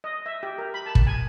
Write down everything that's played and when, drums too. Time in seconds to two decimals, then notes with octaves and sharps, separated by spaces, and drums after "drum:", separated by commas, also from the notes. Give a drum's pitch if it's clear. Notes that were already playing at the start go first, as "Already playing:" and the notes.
0.04 D#5
0.26 E5
0.43 G4
0.58 A#4
0.74 B5
0.86 A5
0.95 drum: kick
1.07 G#5